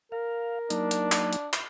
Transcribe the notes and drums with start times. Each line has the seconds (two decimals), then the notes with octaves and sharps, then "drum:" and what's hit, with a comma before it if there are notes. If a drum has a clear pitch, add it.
0.12 A#4 F5
0.70 F#3 A#3 D4 D#4, drum: hi-hat
0.91 drum: hi-hat
1.12 drum: clap
1.33 drum: hi-hat
1.53 drum: clap